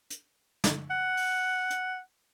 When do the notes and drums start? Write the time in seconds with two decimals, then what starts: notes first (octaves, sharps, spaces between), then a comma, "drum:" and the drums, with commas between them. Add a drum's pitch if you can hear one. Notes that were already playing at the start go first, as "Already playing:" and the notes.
0.10 drum: hi-hat
0.64 drum: snare
0.90 F#5
1.17 drum: open hi-hat
1.70 drum: hi-hat